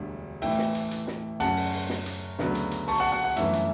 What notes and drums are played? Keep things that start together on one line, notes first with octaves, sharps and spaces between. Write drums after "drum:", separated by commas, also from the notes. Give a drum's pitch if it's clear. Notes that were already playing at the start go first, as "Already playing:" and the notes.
Already playing: E1 D2 D3 G3
A1 A2 E3 A3 E5 G5, drum: open hi-hat
drum: snare
drum: hi-hat
drum: hi-hat
drum: snare
F#2 C#3 F#3 C#4 F#5 A5, drum: hi-hat
drum: open hi-hat
drum: open hi-hat
drum: snare
drum: hi-hat
D2 C#3 F#3 B3 D4, drum: snare
drum: hi-hat
drum: hi-hat
A5 C#6, drum: open hi-hat
F#5 A5
F#5
F#5
G1 F#2 E3 A3 C#4 E5, drum: hi-hat
drum: hi-hat